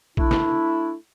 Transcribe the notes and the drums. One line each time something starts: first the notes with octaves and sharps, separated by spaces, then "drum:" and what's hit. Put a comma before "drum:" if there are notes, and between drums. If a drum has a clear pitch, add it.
A3 D4 E4, drum: kick
drum: snare